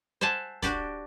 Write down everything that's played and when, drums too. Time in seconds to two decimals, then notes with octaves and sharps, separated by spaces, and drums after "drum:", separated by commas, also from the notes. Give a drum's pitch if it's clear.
0.21 C5 E5 F#5 G#5 A5
0.62 D4 F#4 G4 D5, drum: kick, hi-hat